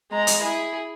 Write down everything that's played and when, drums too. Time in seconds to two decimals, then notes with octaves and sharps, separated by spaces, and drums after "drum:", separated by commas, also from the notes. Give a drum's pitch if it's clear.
0.12 G#3 A#5
0.27 drum: hi-hat
0.42 E4 G#4